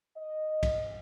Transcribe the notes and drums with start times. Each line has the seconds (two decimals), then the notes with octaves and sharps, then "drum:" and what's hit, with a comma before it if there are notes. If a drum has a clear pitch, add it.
0.17 D#5
0.63 drum: kick, cymbal